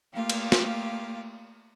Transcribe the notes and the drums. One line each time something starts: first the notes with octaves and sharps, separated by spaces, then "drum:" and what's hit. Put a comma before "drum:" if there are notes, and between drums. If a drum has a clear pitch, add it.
A3 A#3 F4 G4 F5
drum: cymbal
drum: snare